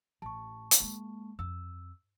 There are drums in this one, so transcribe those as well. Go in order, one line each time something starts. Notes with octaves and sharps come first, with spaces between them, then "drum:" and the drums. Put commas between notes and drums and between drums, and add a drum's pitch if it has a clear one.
A1 A5 C#6
drum: hi-hat
G#3 A#3
F2 E6